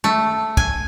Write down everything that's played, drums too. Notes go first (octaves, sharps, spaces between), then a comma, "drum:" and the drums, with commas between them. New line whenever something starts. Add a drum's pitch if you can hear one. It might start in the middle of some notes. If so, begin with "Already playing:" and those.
A3
G#5, drum: kick